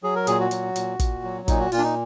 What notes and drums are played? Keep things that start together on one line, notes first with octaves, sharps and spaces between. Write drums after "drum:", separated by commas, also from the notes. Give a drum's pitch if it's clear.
F#3 G#4
A#4
A#2 G#4, drum: hi-hat
F#4
F#3, drum: hi-hat
A#2, drum: hi-hat
A#2, drum: kick, hi-hat
F#3
A#2 D#4, drum: kick, hi-hat
F#4
A#2 F4, drum: open hi-hat
D4
D#4